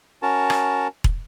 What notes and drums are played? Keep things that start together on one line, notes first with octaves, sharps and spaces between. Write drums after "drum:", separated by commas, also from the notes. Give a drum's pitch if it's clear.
C#4 F#4 A#4 A5
drum: rim click
drum: kick